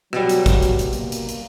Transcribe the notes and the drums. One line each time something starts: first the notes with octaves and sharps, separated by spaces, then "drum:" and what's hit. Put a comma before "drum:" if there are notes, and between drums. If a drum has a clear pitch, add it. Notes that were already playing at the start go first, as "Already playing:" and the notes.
B2 F#3 G3, drum: rim click
drum: hi-hat
drum: kick, hi-hat
drum: hi-hat
drum: hi-hat
A#3, drum: hi-hat
drum: hi-hat
drum: hi-hat